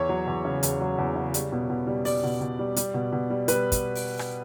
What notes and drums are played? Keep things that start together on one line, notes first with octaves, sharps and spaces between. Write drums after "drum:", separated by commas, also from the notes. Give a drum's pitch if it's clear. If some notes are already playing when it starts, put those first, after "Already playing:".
Already playing: E2 C#5
F#3
E2
C#3
E2, drum: hi-hat
F#3
E2
C#3
G3, drum: hi-hat
B2
B2
G3
G3 D5, drum: open hi-hat
B2
B2
G3
G3, drum: hi-hat
B2
B2
G3
G3 B4, drum: hi-hat
drum: kick, hi-hat
drum: open hi-hat
drum: rim click